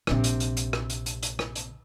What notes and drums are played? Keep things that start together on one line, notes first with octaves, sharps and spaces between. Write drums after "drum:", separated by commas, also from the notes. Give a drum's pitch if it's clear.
A#1 C3, drum: rim click
drum: hi-hat
drum: hi-hat
drum: hi-hat
drum: rim click
drum: hi-hat
drum: hi-hat
drum: hi-hat
drum: rim click
drum: hi-hat